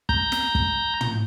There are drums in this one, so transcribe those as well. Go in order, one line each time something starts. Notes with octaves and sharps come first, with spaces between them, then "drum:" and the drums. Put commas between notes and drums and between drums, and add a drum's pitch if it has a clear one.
A#5 G6, drum: kick
drum: snare
drum: kick
drum: tom